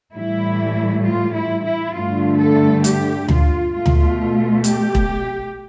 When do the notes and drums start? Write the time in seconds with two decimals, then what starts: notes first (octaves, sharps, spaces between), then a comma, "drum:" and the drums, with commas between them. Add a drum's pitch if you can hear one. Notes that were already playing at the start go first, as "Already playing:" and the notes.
0.13 A2 E3 G3 E4
1.04 F4
1.34 E4
1.64 E4
1.93 G2 D3 A3 F4
2.38 A4
2.84 G4, drum: hi-hat
3.28 F4, drum: tom D2
3.74 B2 A3 F4
3.86 drum: tom D2
4.64 G4, drum: hi-hat
4.95 drum: kick E1